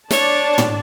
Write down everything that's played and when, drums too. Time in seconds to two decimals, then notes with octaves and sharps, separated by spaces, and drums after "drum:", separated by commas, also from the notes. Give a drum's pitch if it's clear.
0.11 D4 C#5 D5 A5, drum: snare
0.58 drum: tom